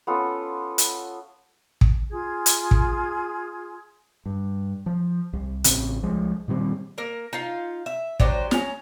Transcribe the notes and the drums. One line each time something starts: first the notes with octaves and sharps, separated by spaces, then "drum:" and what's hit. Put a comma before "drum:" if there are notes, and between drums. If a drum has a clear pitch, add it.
B3 C#4 F4 A4
drum: hi-hat
drum: kick
F4 G#4 G#6
drum: hi-hat
drum: kick
G2
F3
C2
A1 C#3 C4, drum: hi-hat
C2 F3 G#3
A#2 D#3 G3 C4
A#3 A#4
D#4 F4 F5
E5
F#3 D4 G4 C5, drum: kick
C#4 A#5, drum: snare